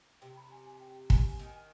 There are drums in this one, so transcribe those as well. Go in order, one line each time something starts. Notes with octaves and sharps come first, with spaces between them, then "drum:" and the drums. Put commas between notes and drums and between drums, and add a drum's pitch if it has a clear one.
C3 G5
B5
G#5
G#5
G5
G#5, drum: kick
D#3